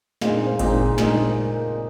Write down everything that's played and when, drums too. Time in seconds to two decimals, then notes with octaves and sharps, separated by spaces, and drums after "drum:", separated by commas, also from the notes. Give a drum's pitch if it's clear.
0.21 A#2 G#3 C4 D#4 F5, drum: snare
0.46 C5
0.59 A#2 G#3 C4 D#4, drum: kick G#1, cymbal
0.98 A#2 G#3 C4 D#4 A#4, drum: snare